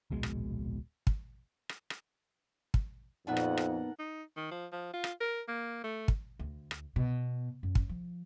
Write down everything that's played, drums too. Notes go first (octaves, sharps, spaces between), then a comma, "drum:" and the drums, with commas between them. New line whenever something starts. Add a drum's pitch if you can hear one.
D1 A#1 B2 G#3
drum: rim click
drum: kick
drum: rim click
drum: rim click
drum: kick
F2 A#2 B3 D#4 A#4 E5 F#5 A5
drum: rim click
drum: rim click
D#4
D#3
F3
F3
F4
drum: rim click
A#4
A#3
A3
drum: kick
D2
drum: rim click
B2
F#2
drum: kick
F3